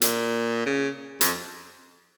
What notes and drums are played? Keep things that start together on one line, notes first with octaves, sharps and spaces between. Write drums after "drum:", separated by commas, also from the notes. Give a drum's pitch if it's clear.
A#2, drum: hi-hat
C#3
F2, drum: hi-hat